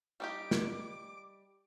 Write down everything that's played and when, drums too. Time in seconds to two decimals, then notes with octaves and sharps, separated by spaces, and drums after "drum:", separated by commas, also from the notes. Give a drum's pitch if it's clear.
0.20 G3 D#4 G4 D6
0.51 drum: snare